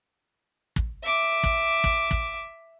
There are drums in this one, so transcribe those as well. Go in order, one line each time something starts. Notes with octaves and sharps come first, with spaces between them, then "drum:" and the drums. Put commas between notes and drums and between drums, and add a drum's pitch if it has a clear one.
drum: kick
E5 D6
drum: kick
drum: kick
drum: kick